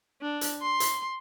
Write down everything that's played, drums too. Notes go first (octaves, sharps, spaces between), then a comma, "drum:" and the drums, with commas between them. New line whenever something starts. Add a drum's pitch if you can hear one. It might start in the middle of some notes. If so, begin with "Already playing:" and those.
D4
drum: hi-hat
C6
drum: hi-hat